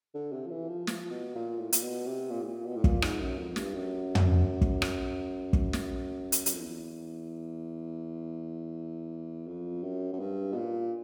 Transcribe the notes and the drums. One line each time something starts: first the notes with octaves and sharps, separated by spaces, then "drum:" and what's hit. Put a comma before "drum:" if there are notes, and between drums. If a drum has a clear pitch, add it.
D3
C3
F3
E3
F3
F3, drum: snare
B2
A#2
A2
A#2, drum: hi-hat
B2
C3
A#2
A2
A#2
B2
A2
A#2, drum: kick
G#2, drum: rim click
F#2
F2
G2, drum: snare
F#2
drum: tom
drum: kick
drum: rim click
drum: kick
drum: snare
drum: hi-hat
F#2, drum: hi-hat
F2
E2
F2
F#2
F#2
G2
B2
A#2